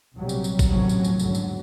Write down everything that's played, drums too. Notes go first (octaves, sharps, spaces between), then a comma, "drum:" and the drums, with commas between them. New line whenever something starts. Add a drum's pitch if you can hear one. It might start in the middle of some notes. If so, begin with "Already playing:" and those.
A#1 C3 F#3 G3
drum: tambourine
drum: tambourine
drum: kick A1, tambourine
D#2 A2 C3 F3 F#3 C#4
drum: tambourine
drum: tambourine
E2 G#2 D3 F#3, drum: tambourine
drum: tambourine